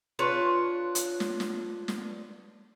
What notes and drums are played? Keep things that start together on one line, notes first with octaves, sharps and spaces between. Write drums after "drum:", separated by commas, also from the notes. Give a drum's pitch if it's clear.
D4 F4 B4 C#5
drum: hi-hat
drum: snare
drum: snare
drum: snare